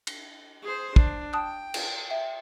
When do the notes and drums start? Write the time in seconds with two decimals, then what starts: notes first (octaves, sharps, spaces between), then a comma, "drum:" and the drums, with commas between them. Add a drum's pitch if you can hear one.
0.07 drum: cymbal
0.63 G#4 C5
0.96 D4, drum: kick
1.33 G5 A5 D#6 F#6
1.74 drum: cymbal
2.10 E5 G5